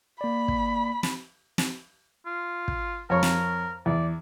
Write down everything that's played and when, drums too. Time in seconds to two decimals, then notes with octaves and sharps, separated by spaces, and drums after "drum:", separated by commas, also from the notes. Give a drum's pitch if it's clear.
0.21 A#3 D5 B5
0.48 drum: kick
1.03 drum: snare
1.58 drum: snare
2.26 F4
2.68 drum: kick
3.10 F2 A#4 C#5 C#6
3.23 drum: snare
3.86 E2 D5